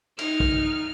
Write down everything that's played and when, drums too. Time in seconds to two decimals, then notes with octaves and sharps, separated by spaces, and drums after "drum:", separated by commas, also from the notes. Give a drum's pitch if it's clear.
0.19 D#4 F6, drum: cymbal
0.40 drum: kick